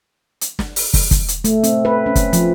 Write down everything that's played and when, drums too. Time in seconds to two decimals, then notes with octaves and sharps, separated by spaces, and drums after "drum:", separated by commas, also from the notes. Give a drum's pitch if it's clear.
0.41 drum: hi-hat
0.59 drum: snare
0.76 drum: open hi-hat
0.94 drum: kick, open hi-hat
1.11 drum: kick, hi-hat
1.28 drum: hi-hat
1.44 A3, drum: hi-hat
1.64 C4, drum: hi-hat
1.85 B4
2.06 C#4
2.16 drum: kick, hi-hat
2.33 F3, drum: hi-hat